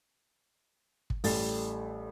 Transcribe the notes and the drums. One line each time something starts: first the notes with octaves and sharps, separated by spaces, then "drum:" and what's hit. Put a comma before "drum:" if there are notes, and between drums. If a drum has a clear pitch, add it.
drum: kick
A1 G3 A3 A6, drum: open hi-hat